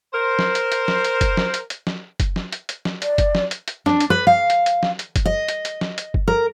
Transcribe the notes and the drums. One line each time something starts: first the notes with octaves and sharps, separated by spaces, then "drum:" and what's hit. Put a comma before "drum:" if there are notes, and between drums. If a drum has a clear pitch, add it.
A#4 C5
drum: snare
drum: hi-hat
drum: hi-hat
drum: snare
drum: hi-hat
drum: kick F#1, hi-hat
drum: snare
drum: hi-hat
drum: hi-hat
drum: snare
drum: kick F#1, hi-hat
drum: snare
drum: hi-hat
drum: hi-hat
drum: snare
D5, drum: hi-hat
drum: kick F#1, hi-hat
drum: snare
drum: hi-hat
drum: hi-hat
D4, drum: snare
drum: hi-hat
B4
F5
drum: hi-hat
drum: hi-hat
drum: snare
drum: hi-hat
drum: kick F#1, hi-hat
D#5
drum: hi-hat
drum: hi-hat
drum: snare
drum: hi-hat
drum: kick F#1
A#4